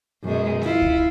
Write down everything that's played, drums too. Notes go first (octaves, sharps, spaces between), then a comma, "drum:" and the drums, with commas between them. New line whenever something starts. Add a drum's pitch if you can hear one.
F#2 B2 G#3
E4 F4, drum: snare G#3
drum: kick C#2